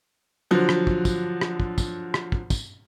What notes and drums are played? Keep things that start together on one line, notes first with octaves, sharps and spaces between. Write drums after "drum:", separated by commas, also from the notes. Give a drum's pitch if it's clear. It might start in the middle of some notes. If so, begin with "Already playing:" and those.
D3 F3 F#3
drum: rim click
drum: kick
drum: kick, tambourine
drum: rim click
drum: kick
drum: kick, tambourine
drum: rim click
drum: kick
drum: kick, tambourine